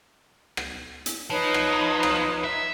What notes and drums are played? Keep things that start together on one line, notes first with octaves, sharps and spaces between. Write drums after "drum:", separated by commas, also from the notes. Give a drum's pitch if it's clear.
drum: rim click
drum: hi-hat
F3 D#4 B4 C#5
drum: rim click
drum: rim click
E5